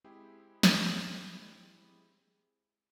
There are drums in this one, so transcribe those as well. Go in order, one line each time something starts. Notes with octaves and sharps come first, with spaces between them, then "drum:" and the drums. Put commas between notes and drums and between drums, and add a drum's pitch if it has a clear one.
G#3 C4 E4 G4 G#4
drum: snare